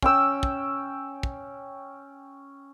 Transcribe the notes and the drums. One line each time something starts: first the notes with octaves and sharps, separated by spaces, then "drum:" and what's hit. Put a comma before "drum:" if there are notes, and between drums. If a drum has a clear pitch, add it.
C#4 G5 E6, drum: kick
drum: kick
drum: kick